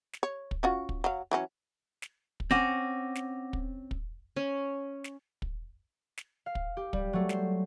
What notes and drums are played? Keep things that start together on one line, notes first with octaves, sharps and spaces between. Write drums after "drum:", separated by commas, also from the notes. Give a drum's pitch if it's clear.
drum: snare
C#5
drum: kick
C#4 F4 F#4
drum: kick
F#3 F5
E3 F#3 C#4
drum: snare
drum: kick
C4 C#4 F#5 D6 A#6
drum: snare
drum: kick
drum: kick
C#4
drum: snare
drum: kick
drum: snare
F5
drum: kick
G4
G3, drum: kick
F#3 A3
C5, drum: snare